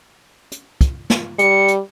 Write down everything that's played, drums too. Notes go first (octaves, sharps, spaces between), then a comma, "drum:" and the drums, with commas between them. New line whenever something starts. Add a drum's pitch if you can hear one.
drum: hi-hat
drum: kick, hi-hat
drum: snare
G3 C#7, drum: hi-hat
drum: hi-hat